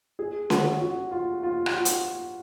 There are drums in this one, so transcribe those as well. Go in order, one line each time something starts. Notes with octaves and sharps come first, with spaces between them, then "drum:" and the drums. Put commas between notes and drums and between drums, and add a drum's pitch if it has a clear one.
G#4
F#4, drum: snare C#4
F#4
F4
F4
F4, drum: rim click
F#4
drum: hi-hat